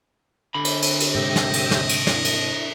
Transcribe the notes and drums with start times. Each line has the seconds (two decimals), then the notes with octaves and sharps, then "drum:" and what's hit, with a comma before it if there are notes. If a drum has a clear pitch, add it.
0.54 D3 B5
0.65 drum: cymbal
0.82 drum: cymbal
1.00 drum: cymbal
1.15 G#2 C3 G4 D#5 E5 G5
1.36 drum: snare
1.54 drum: cymbal
1.71 drum: snare
1.89 drum: cymbal
2.07 D4 E4, drum: snare
2.25 drum: cymbal